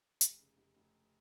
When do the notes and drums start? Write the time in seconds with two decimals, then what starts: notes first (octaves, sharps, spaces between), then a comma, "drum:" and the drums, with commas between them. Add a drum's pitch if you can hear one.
0.21 F1, drum: hi-hat
0.40 C#3
0.58 F1
0.77 F1